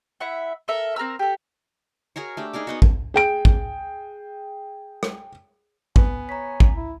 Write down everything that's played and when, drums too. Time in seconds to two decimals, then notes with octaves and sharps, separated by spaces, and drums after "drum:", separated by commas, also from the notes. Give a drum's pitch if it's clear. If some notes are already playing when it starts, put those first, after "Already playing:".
0.20 E4 E5 F#5
0.68 A4 A#4 E5
0.96 C4 A#4 A#5 E6
1.19 G4 A4
2.16 F#4 G#4 A#4 C#5
2.37 A3 D4 G4
2.53 D#4 G#4 A#4 D5
2.67 B3 D#4 F#4
2.82 drum: kick
3.14 G#4 G5 D7
3.45 drum: kick
5.03 drum: rim click
5.96 B3 G#5, drum: kick
6.29 C#5 A#5 B6
6.60 drum: kick
6.75 E4